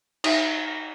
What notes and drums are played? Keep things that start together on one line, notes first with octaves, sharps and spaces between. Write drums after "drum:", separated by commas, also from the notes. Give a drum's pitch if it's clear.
D#4 E5, drum: cymbal